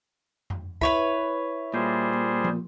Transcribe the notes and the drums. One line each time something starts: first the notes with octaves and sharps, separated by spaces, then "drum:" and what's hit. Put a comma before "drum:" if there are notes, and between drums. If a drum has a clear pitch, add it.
drum: tom F2
E4 B4 C#5 B5, drum: kick
A#2 G3 G#4 C5
drum: tom F3